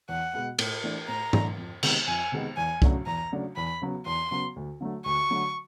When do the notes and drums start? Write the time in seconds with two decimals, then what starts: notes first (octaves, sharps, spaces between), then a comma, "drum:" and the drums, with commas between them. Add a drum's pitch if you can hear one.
0.09 E2 F#5
0.34 B2 G#3 B3
0.59 A2, drum: cymbal
0.84 E3 A3 D4
1.08 A2 A#5
1.33 E3 A3 D4, drum: tom G#2
1.58 F2
1.83 C3 D#3 G#3 B3, drum: cymbal
2.07 F2 G#5
2.32 C3 D#3 G#3 B3
2.57 E2 G#5
2.82 C#3 F#3 A3 D4, drum: kick C2
3.07 E2 A#5
3.32 C#3 F#3 A3 D4
3.56 E2 B5
3.82 C#3 F#3 B3
4.06 E2 C6
4.31 C#3 F#3 B3
4.56 D2
4.81 D3 F#3 A3
5.05 D2 C#6
5.30 D3 F#3 A3